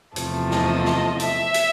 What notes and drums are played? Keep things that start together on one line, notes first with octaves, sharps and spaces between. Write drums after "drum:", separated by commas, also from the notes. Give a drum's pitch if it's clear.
E2 C3 F3 A3, drum: hi-hat
D#5, drum: snare
drum: snare
E5, drum: hi-hat
drum: hi-hat